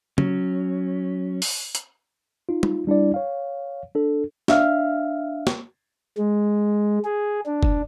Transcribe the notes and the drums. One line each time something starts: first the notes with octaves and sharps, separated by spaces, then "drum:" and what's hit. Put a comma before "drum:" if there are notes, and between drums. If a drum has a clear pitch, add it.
F#3 C#4, drum: tom
drum: open hi-hat
drum: hi-hat
D#4 F4
drum: tom
G3 D4 E4 D5
C#5 F5
D4 A4
D4 E5 F5 F6, drum: snare
drum: snare
G#3
G#4
D4
drum: kick